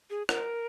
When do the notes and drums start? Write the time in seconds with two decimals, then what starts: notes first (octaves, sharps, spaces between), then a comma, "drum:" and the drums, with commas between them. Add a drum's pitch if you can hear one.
0.10 G#4
0.29 A#4, drum: rim click